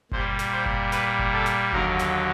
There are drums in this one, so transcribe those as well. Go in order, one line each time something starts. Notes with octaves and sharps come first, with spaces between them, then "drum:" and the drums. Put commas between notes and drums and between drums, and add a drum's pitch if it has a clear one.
A#2 G3 C5, drum: kick F#1
drum: snare
C5
drum: kick F#1
B4, drum: snare
drum: kick F#1
A4
drum: snare
D#2 D3 F#3 A#4, drum: kick F#1
drum: snare